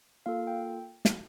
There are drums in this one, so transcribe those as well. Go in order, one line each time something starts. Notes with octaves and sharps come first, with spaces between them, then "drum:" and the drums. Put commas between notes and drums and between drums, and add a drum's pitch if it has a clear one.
A#3 F4 A4 F5
G5
drum: snare